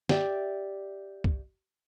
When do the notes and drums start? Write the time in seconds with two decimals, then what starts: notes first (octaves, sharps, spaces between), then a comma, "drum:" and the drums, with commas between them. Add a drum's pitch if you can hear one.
0.09 G4 D5 E5, drum: snare
1.24 drum: kick